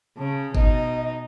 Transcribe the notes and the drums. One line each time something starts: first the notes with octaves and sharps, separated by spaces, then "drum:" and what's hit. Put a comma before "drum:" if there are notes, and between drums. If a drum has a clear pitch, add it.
C#3 A5
B2 D#4 D#5, drum: kick G1